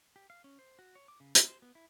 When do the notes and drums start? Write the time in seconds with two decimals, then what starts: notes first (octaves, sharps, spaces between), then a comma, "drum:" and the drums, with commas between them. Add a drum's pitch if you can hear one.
0.16 G4
0.30 F5
0.44 C#4
0.59 C5
0.79 F#4
0.95 C#5
1.08 D6
1.20 C#3
1.35 A#4, drum: hi-hat
1.48 C5
1.62 B3
1.75 E4